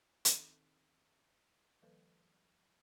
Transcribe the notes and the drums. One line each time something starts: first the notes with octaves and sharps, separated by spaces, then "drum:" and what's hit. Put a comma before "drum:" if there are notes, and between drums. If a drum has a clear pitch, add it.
D#3 C4 D#4 A4, drum: hi-hat
D#3 F3 G3 A#3 A4 B4